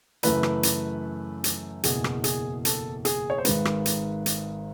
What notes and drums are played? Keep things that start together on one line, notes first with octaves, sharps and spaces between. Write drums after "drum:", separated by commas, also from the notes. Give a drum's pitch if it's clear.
F#2 C#3 E3 A3 B4, drum: hi-hat
drum: rim click
drum: hi-hat
drum: hi-hat
F#1 E2 B2 G#4, drum: hi-hat
drum: rim click
G#4, drum: hi-hat
A4, drum: hi-hat
G#4, drum: hi-hat
C#5
C5
G#1 G#2 D#3 G#3 B4, drum: hi-hat
drum: rim click
drum: hi-hat
drum: hi-hat